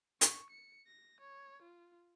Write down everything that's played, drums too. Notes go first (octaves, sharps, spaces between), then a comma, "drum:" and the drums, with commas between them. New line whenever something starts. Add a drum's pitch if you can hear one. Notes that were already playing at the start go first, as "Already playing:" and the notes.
C#6, drum: hi-hat
C#7
A#6
C#5
F4